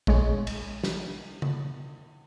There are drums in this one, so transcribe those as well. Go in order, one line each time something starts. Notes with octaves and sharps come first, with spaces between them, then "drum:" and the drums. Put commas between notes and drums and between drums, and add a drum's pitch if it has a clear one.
A#1 G#3 C#5, drum: kick
drum: cymbal
drum: snare
drum: tom